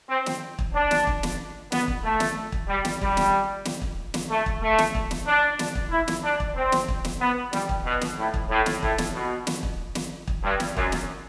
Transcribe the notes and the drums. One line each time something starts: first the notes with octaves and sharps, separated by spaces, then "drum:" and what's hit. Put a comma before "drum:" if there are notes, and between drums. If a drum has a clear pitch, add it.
C4
drum: snare
drum: kick
D4
drum: snare
drum: kick
drum: snare
B3, drum: snare
drum: kick
A3
drum: snare
drum: kick
G3
drum: snare
G3, drum: kick
drum: snare
drum: snare
drum: kick
drum: snare
A3
drum: kick
A3
drum: snare
drum: kick
drum: snare
D4
drum: snare
drum: kick
E4
drum: snare
D4
drum: kick
C4
drum: snare
drum: kick
drum: snare
B3
G3, drum: snare
drum: kick
B2
drum: snare
A2
drum: kick
A2
drum: snare
A2, drum: kick
drum: snare
B2
drum: snare
drum: kick
drum: snare
drum: kick
G2
drum: snare
F#2, drum: kick
drum: snare